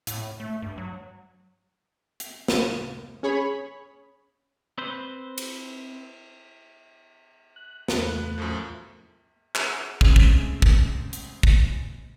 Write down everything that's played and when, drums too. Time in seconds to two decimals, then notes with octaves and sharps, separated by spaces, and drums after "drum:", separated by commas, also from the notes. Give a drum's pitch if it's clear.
0.07 A2, drum: hi-hat
0.40 A3
0.62 G2
0.78 F#3
2.20 drum: hi-hat
2.48 drum: snare
3.23 C#4 G#4 C#5 B5
4.78 C4 B4 C5
5.38 drum: cymbal
7.56 F#6
7.88 E2 A3 B3 B4 F#6, drum: snare
8.38 F#2 A2 F3
9.55 G#4 F#5 A#5 E6, drum: clap
10.01 C#3 G#3 A3 C4 C#4, drum: kick
10.16 drum: kick
10.62 drum: kick
11.13 drum: hi-hat
11.43 drum: kick